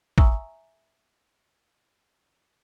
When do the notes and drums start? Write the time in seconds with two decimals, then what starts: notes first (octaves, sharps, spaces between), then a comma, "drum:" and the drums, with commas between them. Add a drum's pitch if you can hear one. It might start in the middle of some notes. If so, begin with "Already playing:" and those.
0.18 E5 G#5 A#5 C#6 D#6 E6, drum: kick